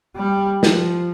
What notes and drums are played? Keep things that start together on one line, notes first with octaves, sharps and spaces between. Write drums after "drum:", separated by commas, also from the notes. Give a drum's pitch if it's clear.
G3
F3, drum: snare